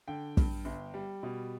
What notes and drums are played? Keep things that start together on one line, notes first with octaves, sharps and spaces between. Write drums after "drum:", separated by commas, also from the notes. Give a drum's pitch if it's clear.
D3 G5
G2, drum: kick
G1
G3
B2